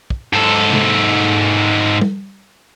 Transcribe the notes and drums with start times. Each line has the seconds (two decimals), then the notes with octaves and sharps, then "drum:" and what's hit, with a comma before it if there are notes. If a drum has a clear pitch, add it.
0.10 drum: kick
0.33 G#2 A4
0.73 drum: tom C3
2.01 drum: tom G3